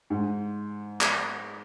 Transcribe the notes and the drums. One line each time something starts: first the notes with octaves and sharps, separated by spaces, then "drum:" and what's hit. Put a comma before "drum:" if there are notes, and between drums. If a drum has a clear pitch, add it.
G#2
drum: clap